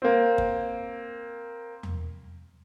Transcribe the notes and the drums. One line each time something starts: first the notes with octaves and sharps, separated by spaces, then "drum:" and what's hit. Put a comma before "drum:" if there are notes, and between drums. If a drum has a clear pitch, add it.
A#3 C4
drum: kick
drum: tom E2